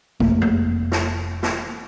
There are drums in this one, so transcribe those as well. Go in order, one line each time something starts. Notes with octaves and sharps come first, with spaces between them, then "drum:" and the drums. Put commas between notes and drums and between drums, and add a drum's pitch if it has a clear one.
F1 E2 A3 A#3, drum: kick
drum: tom F2
drum: snare
drum: snare